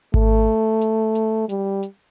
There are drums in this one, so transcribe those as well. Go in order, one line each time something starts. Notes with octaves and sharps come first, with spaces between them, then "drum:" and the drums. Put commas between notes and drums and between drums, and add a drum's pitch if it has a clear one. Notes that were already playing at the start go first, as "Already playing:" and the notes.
A3, drum: kick G#1
drum: hi-hat
drum: hi-hat
G3, drum: hi-hat
drum: hi-hat